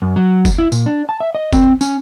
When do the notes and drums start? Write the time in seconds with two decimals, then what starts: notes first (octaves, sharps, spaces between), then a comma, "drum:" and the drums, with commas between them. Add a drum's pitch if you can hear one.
0.02 F#2
0.16 F#3
0.45 drum: kick F#1, tambourine
0.58 E4
0.72 A#2, drum: tambourine
0.86 D4
1.09 A5
1.20 E5
1.35 D#5
1.53 C4, drum: kick F#1, tambourine
1.81 C#4, drum: tambourine